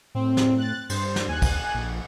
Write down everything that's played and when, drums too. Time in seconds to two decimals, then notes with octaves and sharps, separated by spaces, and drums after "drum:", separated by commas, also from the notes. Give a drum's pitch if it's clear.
0.15 A2 C4
0.37 drum: snare
0.58 F#6 A6
0.90 G2 C5, drum: cymbal
1.16 drum: snare
1.28 D#2 G#5 F#6
1.42 drum: kick, cymbal
1.74 A#1